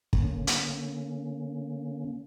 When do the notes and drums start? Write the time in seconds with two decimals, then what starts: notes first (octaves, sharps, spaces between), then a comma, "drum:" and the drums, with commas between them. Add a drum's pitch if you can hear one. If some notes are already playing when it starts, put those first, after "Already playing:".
0.13 D3 A#3 C#4, drum: kick
0.47 drum: hi-hat